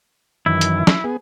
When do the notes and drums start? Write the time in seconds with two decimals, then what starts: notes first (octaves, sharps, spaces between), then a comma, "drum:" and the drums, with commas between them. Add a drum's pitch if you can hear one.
0.46 F#2 D#3 E3 E4
0.61 drum: hi-hat
0.87 drum: snare
1.04 B3 G#4